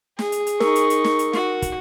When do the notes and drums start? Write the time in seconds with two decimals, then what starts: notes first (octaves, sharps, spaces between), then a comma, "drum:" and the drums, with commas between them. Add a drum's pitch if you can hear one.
0.19 G#4, drum: snare
0.32 drum: hi-hat
0.47 drum: hi-hat
0.60 D#4 A#4 C#6, drum: snare
0.75 drum: hi-hat
0.90 drum: hi-hat
1.04 drum: snare
1.19 drum: hi-hat
1.33 F#4, drum: snare
1.62 drum: kick, hi-hat